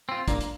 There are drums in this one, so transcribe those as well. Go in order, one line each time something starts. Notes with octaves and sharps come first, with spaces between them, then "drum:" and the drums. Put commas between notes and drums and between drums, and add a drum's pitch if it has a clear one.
C4 F4
A#3 D4, drum: kick, hi-hat
drum: hi-hat